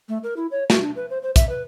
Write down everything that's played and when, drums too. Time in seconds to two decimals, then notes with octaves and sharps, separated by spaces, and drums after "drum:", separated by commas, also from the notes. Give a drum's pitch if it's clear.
0.09 A3
0.23 A#4
0.37 E4
0.51 C#5
0.70 F#4, drum: snare
0.82 D4
0.96 B4
1.10 C5
1.22 C5
1.36 E5, drum: kick, hi-hat
1.49 B4